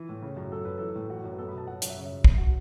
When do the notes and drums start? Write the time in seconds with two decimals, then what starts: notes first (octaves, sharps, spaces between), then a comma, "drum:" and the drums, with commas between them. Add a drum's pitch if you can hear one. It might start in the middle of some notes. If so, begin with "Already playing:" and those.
Already playing: E3
0.09 A2
0.22 C#3
0.37 F#2
0.52 F#3 A4
0.65 F#2 B4
0.78 E3 A4
0.96 A2
1.09 E3 F#4
1.24 F#2
1.31 B4
1.38 B3 A4
1.49 B5
1.53 B2 A5
1.67 F#3 F#5
1.82 F#2 F#5, drum: hi-hat
1.90 E5
1.97 C#3 C#5
2.05 E5
2.11 F#2
2.24 B2, drum: kick
2.38 F#4